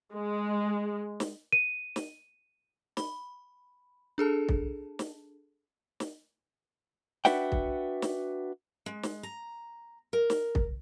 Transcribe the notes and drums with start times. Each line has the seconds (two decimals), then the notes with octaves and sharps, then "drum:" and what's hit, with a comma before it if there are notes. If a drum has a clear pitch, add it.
0.13 G#3
1.20 drum: snare
1.52 D#7
1.96 drum: snare
2.97 B5, drum: snare
4.18 D4 G#4 A4 A5
4.49 drum: kick
4.99 drum: snare
6.00 drum: snare
7.25 D4 F#4 B4 E5 F#5 G5, drum: snare
7.52 drum: kick
8.02 drum: snare
8.86 G#3
9.03 drum: snare
9.23 A#5
10.13 A#4
10.30 drum: snare
10.55 drum: kick